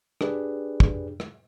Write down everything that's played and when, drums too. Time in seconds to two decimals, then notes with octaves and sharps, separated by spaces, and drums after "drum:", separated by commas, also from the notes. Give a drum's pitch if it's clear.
0.21 D4 G4 G#4 B4 D5, drum: rim click
0.80 drum: kick
1.20 drum: rim click